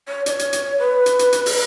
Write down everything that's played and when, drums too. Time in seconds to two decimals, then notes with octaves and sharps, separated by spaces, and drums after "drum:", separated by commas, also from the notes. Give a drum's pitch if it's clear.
0.08 C#5
0.26 D5, drum: hi-hat
0.30 C#5
0.39 drum: hi-hat
0.53 drum: hi-hat
0.79 B4
1.06 drum: hi-hat
1.19 drum: hi-hat
1.32 drum: hi-hat
1.46 drum: open hi-hat